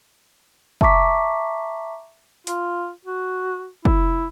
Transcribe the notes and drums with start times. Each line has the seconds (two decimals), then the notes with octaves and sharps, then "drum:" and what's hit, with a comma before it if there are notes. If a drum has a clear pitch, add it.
0.81 E5 A5 A#5 C#6 D6 B6, drum: kick
2.47 F4, drum: hi-hat
3.05 F#4
3.85 E4, drum: kick